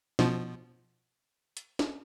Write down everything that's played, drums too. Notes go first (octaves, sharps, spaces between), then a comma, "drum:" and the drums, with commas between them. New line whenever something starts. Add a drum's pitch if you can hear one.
B2 F3, drum: snare
drum: hi-hat
drum: snare